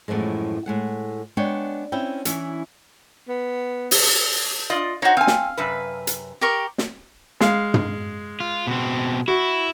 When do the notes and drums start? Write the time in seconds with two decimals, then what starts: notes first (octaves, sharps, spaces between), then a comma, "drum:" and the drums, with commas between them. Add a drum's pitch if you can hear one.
0.08 F#2 A2 E3 F3 G#3
0.66 A2 G#3 F#5
1.37 G#3 B3 D4 C#5 G5
1.92 C4 C#4 E4 G5
2.25 E3 C#4 E4, drum: hi-hat
3.28 B3
3.91 drum: open hi-hat
4.70 F4 D5 D#5
5.02 D#4 F#4 C5 C#5
5.17 C4 F5 G#5
5.27 drum: snare
5.57 F#2 C3 B4
6.07 drum: hi-hat
6.41 G4 A#4 C#6
6.78 drum: snare
7.41 G#3 F5, drum: snare
7.74 drum: tom
8.40 F4
8.67 B2 C4
9.28 E4 F#4